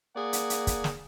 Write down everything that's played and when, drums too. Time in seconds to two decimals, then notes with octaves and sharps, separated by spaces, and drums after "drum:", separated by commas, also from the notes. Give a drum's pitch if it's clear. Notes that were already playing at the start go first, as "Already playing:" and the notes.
0.16 A#3 G#4 D5 F#5
0.33 drum: hi-hat
0.50 drum: hi-hat
0.67 drum: kick, hi-hat
0.84 drum: snare